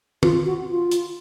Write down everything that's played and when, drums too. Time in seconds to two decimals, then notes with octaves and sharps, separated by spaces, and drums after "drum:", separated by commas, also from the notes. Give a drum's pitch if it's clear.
0.23 F4, drum: tom
0.46 F#4
0.69 F4
0.91 drum: hi-hat